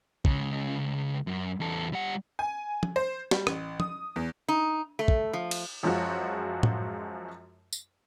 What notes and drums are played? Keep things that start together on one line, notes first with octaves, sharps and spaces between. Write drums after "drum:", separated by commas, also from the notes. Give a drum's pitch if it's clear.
C#2 C#3, drum: kick
F#2
E2 A4
G3 F#5
G#5
drum: tom
C5
G3, drum: snare
A1, drum: rim click
D#6, drum: tom
E2
D#4
A3
drum: kick
F3
drum: cymbal
F#2 F3 G#3 F4 F#4
drum: tom A2
drum: tambourine